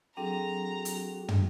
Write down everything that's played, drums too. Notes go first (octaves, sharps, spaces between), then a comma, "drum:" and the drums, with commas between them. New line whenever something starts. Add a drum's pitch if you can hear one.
F#3 C4 D4 F#4 G#4 A4 G5 A#5
drum: hi-hat
drum: tom